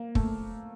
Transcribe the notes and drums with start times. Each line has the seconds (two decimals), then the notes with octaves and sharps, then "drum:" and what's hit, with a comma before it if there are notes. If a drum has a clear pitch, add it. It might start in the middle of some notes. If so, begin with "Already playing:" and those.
Already playing: A#3
0.15 A3, drum: kick